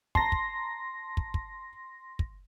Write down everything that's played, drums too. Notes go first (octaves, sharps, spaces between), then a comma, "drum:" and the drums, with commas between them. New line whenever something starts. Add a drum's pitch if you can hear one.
A5 A#5 C6 A#6, drum: kick
drum: kick
drum: kick
drum: kick
drum: kick